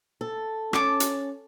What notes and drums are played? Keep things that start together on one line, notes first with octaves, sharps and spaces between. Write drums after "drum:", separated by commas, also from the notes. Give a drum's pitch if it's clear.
A4
C#4 C#5 A5 D6, drum: rim click
drum: hi-hat